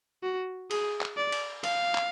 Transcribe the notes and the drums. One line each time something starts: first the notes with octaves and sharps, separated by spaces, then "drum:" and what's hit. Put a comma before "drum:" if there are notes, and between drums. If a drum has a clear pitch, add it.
F#4
G#4, drum: cymbal
drum: clap
D5
drum: cymbal
F5, drum: cymbal
drum: clap